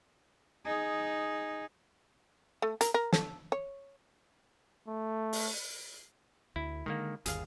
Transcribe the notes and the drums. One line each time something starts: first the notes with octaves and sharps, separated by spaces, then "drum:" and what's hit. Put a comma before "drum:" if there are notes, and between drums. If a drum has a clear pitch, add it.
D#4 G#4
A3
A#4, drum: hi-hat
A#4
A4, drum: snare
C#5
A3
drum: open hi-hat
D2 E4
D3 D#3 G#3 A#3
G1 D#2 G#4 F5, drum: hi-hat